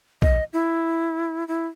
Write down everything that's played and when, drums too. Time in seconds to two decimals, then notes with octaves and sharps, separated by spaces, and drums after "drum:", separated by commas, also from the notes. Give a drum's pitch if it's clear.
0.22 D#5, drum: kick B1
0.53 E4
1.48 E4